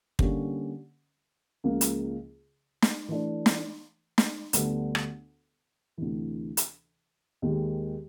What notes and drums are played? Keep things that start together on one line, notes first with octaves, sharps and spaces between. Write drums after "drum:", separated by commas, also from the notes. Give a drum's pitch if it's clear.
D3 G3 A#3 C#4, drum: kick
C#2 C#3 F3 A#3
drum: hi-hat
drum: snare
E3 A3 D4
drum: snare
drum: snare
D2 D3 G3 B3, drum: hi-hat
drum: rim click
D2 C3 E3
drum: hi-hat
D#2 D#3 G#3